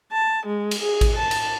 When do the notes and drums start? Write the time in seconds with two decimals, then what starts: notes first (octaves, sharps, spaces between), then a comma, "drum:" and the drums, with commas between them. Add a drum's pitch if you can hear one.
0.12 A5
0.46 G#3
0.71 drum: cymbal
0.82 G#4
1.01 drum: kick A1, cymbal
1.16 A5
1.31 drum: cymbal